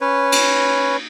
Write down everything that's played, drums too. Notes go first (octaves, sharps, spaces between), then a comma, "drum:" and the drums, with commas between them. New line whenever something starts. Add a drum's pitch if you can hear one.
C#4 B4 C#5
drum: cymbal